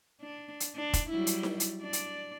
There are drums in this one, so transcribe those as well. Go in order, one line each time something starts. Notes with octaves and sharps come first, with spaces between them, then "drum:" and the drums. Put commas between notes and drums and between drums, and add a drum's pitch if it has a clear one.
D4
drum: hi-hat
D4
drum: kick F1, hi-hat
F#3 G3 E4
drum: hi-hat
drum: snare D#4
drum: hi-hat
D4 D5
drum: hi-hat